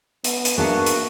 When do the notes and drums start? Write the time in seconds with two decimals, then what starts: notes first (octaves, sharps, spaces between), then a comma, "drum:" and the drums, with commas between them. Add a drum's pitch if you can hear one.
0.24 B3, drum: hi-hat
0.45 drum: hi-hat
0.58 A#3 B3 D4 F#4 G#4 E5 C#6
0.86 drum: hi-hat